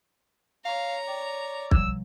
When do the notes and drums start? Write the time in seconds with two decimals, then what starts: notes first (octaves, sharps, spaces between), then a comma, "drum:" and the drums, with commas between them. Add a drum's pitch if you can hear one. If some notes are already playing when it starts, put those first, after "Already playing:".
0.65 C#5 F5 A#5
1.08 D5 G5
1.71 B2 F3 G3 E6, drum: kick